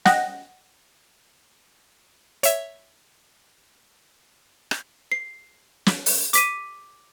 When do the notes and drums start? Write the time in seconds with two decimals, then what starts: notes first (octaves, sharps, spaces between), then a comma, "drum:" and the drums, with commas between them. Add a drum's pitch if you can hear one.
0.05 D#5 F#5 G5 F#6 A#6, drum: snare
2.43 C#5 E5, drum: hi-hat
4.71 drum: rim click
5.12 C7
5.86 drum: snare
6.06 drum: open hi-hat
6.33 D6 B6 D#7, drum: hi-hat